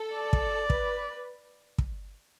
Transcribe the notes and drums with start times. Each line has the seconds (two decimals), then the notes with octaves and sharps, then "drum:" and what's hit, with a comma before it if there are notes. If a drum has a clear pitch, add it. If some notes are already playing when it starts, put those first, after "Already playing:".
Already playing: A4
0.14 D5
0.33 drum: kick
0.70 B4, drum: kick
1.78 drum: kick